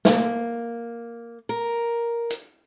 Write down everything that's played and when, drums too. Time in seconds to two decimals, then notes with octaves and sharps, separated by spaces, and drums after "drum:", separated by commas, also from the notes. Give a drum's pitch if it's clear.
0.05 A#3, drum: snare
1.49 A#4
2.30 drum: hi-hat